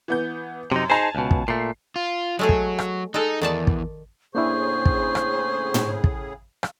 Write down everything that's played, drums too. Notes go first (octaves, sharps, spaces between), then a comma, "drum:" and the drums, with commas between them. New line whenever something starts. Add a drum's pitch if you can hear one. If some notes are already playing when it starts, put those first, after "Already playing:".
E3 B3 G6
F#2 C3 D#4
D#4 G#4 C5 G#5 A5 F7
C#2 B2
drum: kick
A#2 A3 C7
F4
F#3 G#3 A3 G#4
drum: kick
drum: rim click
G#3 D#4 A4
E2 D#3 D5 A5
drum: kick
A2 C#3 A#3 D4 E4 G#4 C5 C#6
drum: kick
drum: rim click
drum: tom
drum: kick
drum: rim click